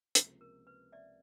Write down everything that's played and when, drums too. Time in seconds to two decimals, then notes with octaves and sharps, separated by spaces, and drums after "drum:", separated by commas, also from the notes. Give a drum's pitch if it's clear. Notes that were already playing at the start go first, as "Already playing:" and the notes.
0.15 C#2 C3 F3 A#3, drum: hi-hat
0.41 A#4
0.67 B4
0.92 D5 E5